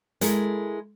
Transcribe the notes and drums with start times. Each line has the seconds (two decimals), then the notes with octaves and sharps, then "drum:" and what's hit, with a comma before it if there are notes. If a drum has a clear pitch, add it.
0.21 G#3 E4 A4 A#4, drum: hi-hat